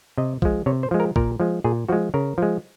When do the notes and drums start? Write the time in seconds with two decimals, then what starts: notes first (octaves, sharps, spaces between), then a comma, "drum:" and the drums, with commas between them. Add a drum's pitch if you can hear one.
0.18 C3 D#5
0.42 F3 G#3, drum: kick A#1
0.66 C3 C#5
0.83 C5
0.91 F3 G#3
1.00 A#4
1.16 A#2 A#4, drum: kick A#1
1.40 F3 G#3
1.64 A#2 G#4
1.89 F3 G#3 F#4
2.14 C#3 A#4
2.38 F3 G#3